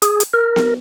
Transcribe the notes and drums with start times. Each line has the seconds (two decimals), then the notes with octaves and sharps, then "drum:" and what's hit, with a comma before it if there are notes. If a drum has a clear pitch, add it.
0.02 G#4, drum: hi-hat
0.20 drum: hi-hat
0.33 A#4
0.56 drum: snare B3